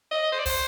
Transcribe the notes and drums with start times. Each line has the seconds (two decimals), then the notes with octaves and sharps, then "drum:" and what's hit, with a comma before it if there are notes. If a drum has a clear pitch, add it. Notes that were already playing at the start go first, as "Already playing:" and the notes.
0.11 D#5
0.32 C5
0.39 D5
0.46 C5, drum: kick, open hi-hat